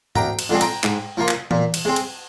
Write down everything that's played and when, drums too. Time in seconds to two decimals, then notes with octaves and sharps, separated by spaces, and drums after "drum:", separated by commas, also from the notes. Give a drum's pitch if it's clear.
0.15 D2 G5 A#5, drum: tom G#2
0.39 drum: cymbal
0.50 D3 F3 G#3 C4
0.61 G5 A#5, drum: cymbal
0.84 G#2, drum: clap
1.17 F3 A#3 F4
1.29 drum: clap
1.51 A#2, drum: tom E3
1.74 drum: cymbal
1.85 G#3 C4
1.96 drum: cymbal